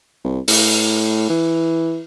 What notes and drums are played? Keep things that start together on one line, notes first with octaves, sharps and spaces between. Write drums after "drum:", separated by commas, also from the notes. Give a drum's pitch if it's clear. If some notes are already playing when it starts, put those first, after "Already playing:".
C2
A2, drum: open hi-hat
E3